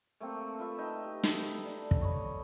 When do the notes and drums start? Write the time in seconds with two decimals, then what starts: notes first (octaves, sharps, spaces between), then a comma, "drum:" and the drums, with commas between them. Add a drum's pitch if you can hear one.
0.20 A3 A#3 C4 A4
0.59 F4 B4 E5
0.78 D#4 B4 E5 G5
1.04 G4
1.23 drum: snare
1.65 D4
1.91 drum: kick
2.01 C#5 D#5 B5